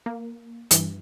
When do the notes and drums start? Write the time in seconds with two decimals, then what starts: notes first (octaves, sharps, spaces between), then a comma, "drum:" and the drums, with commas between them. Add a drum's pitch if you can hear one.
0.06 A#3
0.71 G2 E3, drum: hi-hat